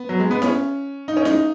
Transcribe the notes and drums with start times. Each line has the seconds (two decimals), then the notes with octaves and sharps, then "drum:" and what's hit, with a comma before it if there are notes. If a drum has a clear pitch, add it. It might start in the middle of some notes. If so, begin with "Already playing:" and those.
Already playing: B3
0.09 F#3
0.20 G#3
0.31 B3
0.42 C#4, drum: snare E4
1.08 D#4
1.17 C#4
1.25 D#4, drum: snare E4